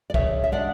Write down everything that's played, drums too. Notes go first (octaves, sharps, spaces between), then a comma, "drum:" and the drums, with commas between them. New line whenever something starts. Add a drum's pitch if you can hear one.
D5
C#3 C#5 E5, drum: kick
E5
G#3 D4 D5 F#5